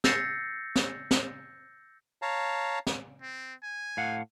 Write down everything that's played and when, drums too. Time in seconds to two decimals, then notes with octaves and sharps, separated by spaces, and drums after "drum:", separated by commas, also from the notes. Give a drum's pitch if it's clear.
0.04 E6 G6 A6 A#6 C7 C#7, drum: snare
0.76 drum: snare
1.11 drum: snare
2.22 C#5 F5 A5 A#5
2.87 drum: snare
3.22 C4
3.63 G#5
3.97 A2 F5 F#5